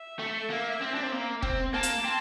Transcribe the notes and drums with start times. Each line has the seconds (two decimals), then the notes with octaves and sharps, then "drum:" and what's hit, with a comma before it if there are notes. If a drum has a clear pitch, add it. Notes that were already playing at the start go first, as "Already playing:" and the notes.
Already playing: E5
0.19 A3
0.50 A#3
0.81 C4
0.94 D4
1.03 C4
1.12 A#3
1.42 C4, drum: kick
1.74 A#3 A5
1.83 drum: hi-hat
2.04 C4